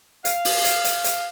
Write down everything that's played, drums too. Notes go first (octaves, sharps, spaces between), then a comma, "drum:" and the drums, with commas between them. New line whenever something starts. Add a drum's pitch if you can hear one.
F5, drum: hi-hat
drum: open hi-hat
drum: hi-hat
drum: hi-hat
drum: hi-hat